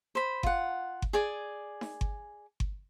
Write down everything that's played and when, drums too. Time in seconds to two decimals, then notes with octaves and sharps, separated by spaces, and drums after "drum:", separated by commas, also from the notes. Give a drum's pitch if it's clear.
0.15 C5 B5
0.43 F4 F#5, drum: kick G1
1.02 drum: kick G1
1.13 G#4 D5 G#5
1.81 drum: snare D#4
2.01 drum: kick G1
2.60 drum: kick G1